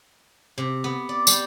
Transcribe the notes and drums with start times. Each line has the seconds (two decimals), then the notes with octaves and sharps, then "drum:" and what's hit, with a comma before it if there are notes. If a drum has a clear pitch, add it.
0.58 C3
0.84 B3
1.09 D5
1.27 G3, drum: tambourine